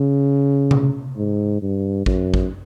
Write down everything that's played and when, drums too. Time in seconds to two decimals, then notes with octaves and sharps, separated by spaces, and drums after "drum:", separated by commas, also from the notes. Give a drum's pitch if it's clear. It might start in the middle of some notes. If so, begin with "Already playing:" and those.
Already playing: C#3
0.71 drum: tom C3
1.17 G#2
1.62 G2
2.06 F#2, drum: kick A1
2.34 drum: kick A1